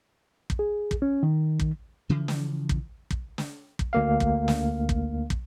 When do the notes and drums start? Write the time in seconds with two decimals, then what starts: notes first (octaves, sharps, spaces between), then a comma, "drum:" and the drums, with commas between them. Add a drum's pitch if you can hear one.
0.50 drum: kick
0.59 G#4
0.91 drum: kick
1.02 C#4
1.23 D#3
1.60 drum: kick
2.09 C#3 E3 F3
2.28 drum: snare
2.69 drum: kick
3.11 drum: kick
3.38 drum: snare
3.79 drum: kick
3.93 D2 A#3 F5
4.20 drum: kick
4.48 drum: snare
4.89 drum: kick
5.30 drum: kick